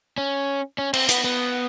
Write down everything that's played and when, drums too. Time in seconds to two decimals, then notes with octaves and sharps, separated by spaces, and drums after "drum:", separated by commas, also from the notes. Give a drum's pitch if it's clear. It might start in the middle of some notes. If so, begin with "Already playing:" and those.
0.18 C#4
0.78 C#4
0.94 C4, drum: cymbal
1.09 B3, drum: hi-hat
1.24 B3